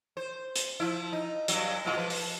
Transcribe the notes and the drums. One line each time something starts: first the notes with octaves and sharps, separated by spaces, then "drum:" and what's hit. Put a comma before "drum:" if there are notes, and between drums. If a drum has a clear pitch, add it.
C5
drum: hi-hat
F3 E4
D#4
G2 F#3, drum: hi-hat
B2 G#3 F4
F3 B4
drum: open hi-hat